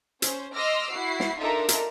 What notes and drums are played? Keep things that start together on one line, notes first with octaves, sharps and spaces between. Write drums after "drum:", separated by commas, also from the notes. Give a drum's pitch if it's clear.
C#4 C5, drum: hi-hat
D#5 C6 D6 E6 F6 A#6
E4 F#4 C7
drum: snare
D4 D#4 F4 A4 A#4 E5
drum: hi-hat